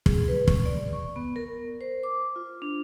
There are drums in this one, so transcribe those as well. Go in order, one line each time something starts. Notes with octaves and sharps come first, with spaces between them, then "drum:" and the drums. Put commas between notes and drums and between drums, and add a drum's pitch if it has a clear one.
G#4, drum: kick
B4
C#6, drum: kick
D5
C#6
B3
A#4
C5
D6
F4
D4